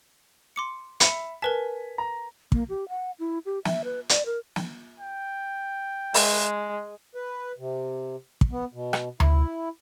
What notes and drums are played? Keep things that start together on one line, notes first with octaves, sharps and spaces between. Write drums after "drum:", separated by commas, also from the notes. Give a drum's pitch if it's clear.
C6 D6 C#7
E5 B5 C#7 F7 G7, drum: hi-hat
A#4 B4 G#5 A5 B6
A#5
A#3, drum: kick
G4
F#5
E4
G4
E5, drum: snare
B4
D5, drum: hi-hat
A#4
drum: snare
G5
G#3, drum: open hi-hat
B4
C3
drum: kick
B3
B2
drum: rim click
E4, drum: tom D2